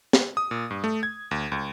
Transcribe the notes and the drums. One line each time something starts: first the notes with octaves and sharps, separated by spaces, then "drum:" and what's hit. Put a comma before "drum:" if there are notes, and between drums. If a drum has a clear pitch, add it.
drum: snare
D#6
A#2
G2
A3
G#6
D2
C#2